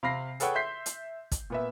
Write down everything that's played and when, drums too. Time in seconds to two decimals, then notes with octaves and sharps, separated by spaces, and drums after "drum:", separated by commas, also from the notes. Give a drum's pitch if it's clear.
0.03 C3 F5 B5 A#6 C7
0.40 G#4 A4 B4 C#5 F#5 G5, drum: hi-hat
0.55 E5 C6 G6 B6 C7
0.86 drum: hi-hat
1.32 drum: kick, hi-hat
1.50 A#2 B3 E5